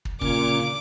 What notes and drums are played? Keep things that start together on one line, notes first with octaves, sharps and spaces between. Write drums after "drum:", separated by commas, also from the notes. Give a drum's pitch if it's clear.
drum: kick
A#2 C#3 C#4 D6, drum: kick